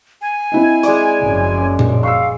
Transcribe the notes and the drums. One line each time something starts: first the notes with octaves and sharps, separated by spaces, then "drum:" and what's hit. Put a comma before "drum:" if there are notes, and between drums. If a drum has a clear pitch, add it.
G#5
C4 E4 D#5
G#3 D5, drum: hi-hat
F#1 F#2 F3
drum: tom A#2
F5 C#6 E6